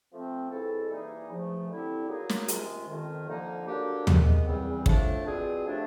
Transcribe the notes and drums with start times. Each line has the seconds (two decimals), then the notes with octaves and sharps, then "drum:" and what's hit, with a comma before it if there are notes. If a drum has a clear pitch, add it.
0.11 F3 A3 C4
0.50 B2 G#3 C4 E4 A4
0.90 E3 G3 A#3 D#4 G#4
1.30 E2 C#3 F3 A3
1.69 D3 G3 C4 E4 G4
2.08 F#3 A#3 D#4 G#4
2.29 drum: snare
2.48 C3 D#3 G#3 C#4 F4, drum: hi-hat
2.88 F2 C3 D#3
3.27 F2 D3 F3 A#3 D#4
3.67 D3 F#3 A#3 D4 G4
4.07 C3 D#3 G#3 B3, drum: tom
4.47 E2 C#3 E3 G3 C4
4.86 A2 F3 A3 D4, drum: kick
5.26 B2 G3 C4 F4 G#4
5.65 A2 F3 A3 D4 G4